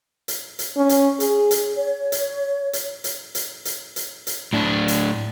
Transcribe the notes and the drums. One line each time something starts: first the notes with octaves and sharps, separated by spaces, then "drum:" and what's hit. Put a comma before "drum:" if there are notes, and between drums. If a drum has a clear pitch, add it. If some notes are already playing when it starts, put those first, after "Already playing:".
drum: hi-hat
drum: hi-hat
C#4
drum: hi-hat
G#4, drum: hi-hat
drum: hi-hat
C#5
drum: hi-hat
drum: hi-hat
drum: hi-hat
drum: hi-hat
drum: hi-hat
drum: hi-hat
drum: hi-hat
A2 D4
drum: hi-hat